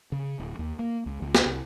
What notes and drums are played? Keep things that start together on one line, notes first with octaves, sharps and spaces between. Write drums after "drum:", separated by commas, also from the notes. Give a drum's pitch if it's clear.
C#3
D1
D#2
A#3
C#2
C#2
drum: snare
C2